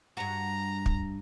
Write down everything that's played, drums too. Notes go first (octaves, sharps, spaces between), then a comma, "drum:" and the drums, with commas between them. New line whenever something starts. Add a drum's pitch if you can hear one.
G2 F#4 A#5
drum: kick